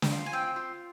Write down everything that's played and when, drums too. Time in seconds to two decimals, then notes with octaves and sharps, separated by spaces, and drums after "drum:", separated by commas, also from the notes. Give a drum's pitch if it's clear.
0.02 drum: snare
0.12 F4
0.26 G#5
0.33 C4 G5
0.56 F4